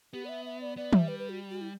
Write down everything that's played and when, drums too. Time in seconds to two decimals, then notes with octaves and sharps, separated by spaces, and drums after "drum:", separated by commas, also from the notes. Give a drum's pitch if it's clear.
0.13 B3 G4
0.25 D5
0.29 E5
0.45 E5
0.61 D5
0.77 B3 D5
0.93 G3 E5, drum: tom
1.08 B4
1.19 B4
1.29 F#4
1.50 F#4
1.61 E4